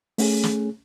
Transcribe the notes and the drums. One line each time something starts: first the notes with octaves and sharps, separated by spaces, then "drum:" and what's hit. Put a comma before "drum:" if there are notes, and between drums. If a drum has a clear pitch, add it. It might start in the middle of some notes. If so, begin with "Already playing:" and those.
A3 C#4 G#4, drum: open hi-hat
drum: snare